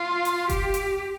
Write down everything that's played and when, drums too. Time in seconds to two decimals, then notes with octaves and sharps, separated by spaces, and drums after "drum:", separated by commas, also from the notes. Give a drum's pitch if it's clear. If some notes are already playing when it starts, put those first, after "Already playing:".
Already playing: F4
0.25 drum: hi-hat
0.49 G4, drum: kick F1, hi-hat
0.74 drum: hi-hat